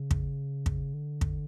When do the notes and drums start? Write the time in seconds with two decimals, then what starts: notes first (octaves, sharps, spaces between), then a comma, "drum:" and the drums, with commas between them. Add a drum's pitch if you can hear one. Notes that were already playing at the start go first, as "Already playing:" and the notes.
Already playing: C#3
0.11 drum: kick
0.66 drum: kick
0.94 D3
1.21 drum: kick